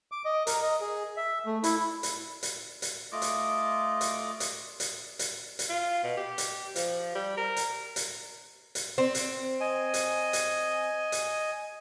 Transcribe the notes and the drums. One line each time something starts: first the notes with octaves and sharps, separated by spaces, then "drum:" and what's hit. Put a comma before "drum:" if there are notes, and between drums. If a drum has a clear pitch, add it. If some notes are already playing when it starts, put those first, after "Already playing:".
D6
D#5
A#4, drum: hi-hat
D#5
G#4
E5
A3
E4, drum: hi-hat
drum: hi-hat
drum: hi-hat
drum: hi-hat
A3 F4 D#5 D6
drum: hi-hat
drum: hi-hat
drum: hi-hat
drum: hi-hat
drum: hi-hat
drum: hi-hat
F4
B2
G4
drum: hi-hat
F3, drum: hi-hat
G3
A#4
drum: hi-hat
drum: hi-hat
drum: hi-hat
C4
drum: hi-hat
D#5 G#5
drum: hi-hat
drum: hi-hat
drum: hi-hat